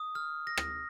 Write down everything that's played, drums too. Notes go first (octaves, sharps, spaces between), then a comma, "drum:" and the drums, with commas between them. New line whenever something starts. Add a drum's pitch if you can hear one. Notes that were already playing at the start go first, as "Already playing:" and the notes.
Already playing: D#6
F6
A#6
drum: rim click